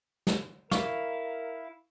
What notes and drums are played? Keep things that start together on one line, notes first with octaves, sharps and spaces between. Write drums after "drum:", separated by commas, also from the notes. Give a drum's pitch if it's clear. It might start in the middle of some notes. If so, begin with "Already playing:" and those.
drum: snare
E4 A#4 F5 C#6, drum: snare